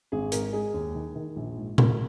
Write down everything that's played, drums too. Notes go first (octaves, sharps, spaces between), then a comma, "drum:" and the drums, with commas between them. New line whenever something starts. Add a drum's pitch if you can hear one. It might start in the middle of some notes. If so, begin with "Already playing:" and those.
G#1 G#4
G#2 A#4, drum: hi-hat
G#3 G#4
D#2
D#3
D#3
A#1
G#2
G#3 A#4, drum: tom A#2